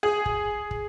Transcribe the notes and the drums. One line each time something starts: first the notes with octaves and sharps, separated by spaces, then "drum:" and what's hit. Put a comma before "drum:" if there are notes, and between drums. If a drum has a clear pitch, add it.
G#4
drum: kick
drum: kick